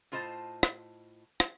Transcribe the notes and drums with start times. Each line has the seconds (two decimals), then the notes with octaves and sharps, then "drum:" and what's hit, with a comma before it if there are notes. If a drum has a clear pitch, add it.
0.12 A2 F4 C5 D#5 A5
0.63 drum: rim click
1.40 drum: rim click